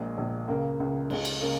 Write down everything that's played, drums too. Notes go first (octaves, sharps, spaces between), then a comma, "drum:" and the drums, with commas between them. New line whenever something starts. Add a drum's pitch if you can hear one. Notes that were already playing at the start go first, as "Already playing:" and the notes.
Already playing: A#1 A#2 G#3
A#1 A#2
C#2 C#3 A#3
C#2 C#3
C#2 C#3 G#3, drum: cymbal
drum: cymbal
C#3 A#3